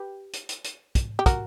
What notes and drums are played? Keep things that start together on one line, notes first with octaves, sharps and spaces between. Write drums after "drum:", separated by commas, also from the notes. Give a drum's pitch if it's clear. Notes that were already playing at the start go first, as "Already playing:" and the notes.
Already playing: G4 B4
drum: hi-hat
drum: hi-hat
drum: hi-hat
drum: kick, hi-hat
G4
F#4 A#4, drum: kick, hi-hat